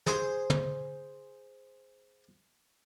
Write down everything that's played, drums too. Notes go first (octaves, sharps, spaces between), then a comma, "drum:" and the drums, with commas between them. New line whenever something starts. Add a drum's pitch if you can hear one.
G#4 C5, drum: snare
drum: tom